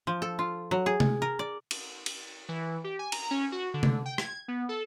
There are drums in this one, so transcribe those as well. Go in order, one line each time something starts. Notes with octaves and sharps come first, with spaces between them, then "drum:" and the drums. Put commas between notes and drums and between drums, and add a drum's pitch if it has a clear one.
F3
A4
F4
F#3
G#4
drum: tom C3
A#4
D5
drum: cymbal
drum: cymbal
E3
G4
G#5
A#5, drum: cymbal
C#4
F#4
D3
drum: tom C3
G5
G#6, drum: rim click
B3
A4